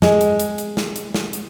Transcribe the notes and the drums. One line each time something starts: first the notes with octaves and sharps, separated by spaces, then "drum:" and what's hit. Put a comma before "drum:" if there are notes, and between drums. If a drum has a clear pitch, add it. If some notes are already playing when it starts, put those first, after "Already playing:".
G#3, drum: snare
drum: hi-hat
drum: hi-hat
drum: hi-hat
drum: snare
drum: hi-hat
drum: snare
drum: hi-hat